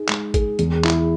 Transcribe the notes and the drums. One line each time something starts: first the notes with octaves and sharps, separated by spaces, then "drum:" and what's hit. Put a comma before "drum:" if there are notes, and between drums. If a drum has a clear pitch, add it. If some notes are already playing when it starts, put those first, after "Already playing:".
Already playing: D#4 G#4
G#3, drum: clap
G#4, drum: kick, hi-hat
E2, drum: hi-hat
E4, drum: clap